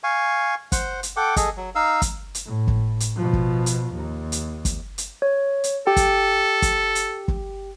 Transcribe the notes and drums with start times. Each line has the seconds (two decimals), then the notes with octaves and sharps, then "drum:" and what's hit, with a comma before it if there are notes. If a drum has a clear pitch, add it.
0.04 F5 G#5 C#6
0.72 C5 F#5, drum: kick, hi-hat
1.03 drum: hi-hat
1.17 A4 F#5 G5 D6
1.36 G#4 A4 D#5, drum: kick, hi-hat
1.57 F#3
1.75 D#4 F5 E6
2.02 drum: kick, hi-hat
2.35 drum: hi-hat
2.46 A2
2.67 drum: kick
3.00 drum: hi-hat
3.17 B2 F3
3.33 drum: kick
3.66 drum: hi-hat
3.94 D#2
4.32 drum: hi-hat
4.65 drum: kick, hi-hat
4.98 drum: hi-hat
5.22 C#5
5.64 drum: hi-hat
5.87 G4 A4 G5
5.96 drum: kick, hi-hat
6.62 drum: kick, hi-hat
6.95 drum: hi-hat
7.28 drum: kick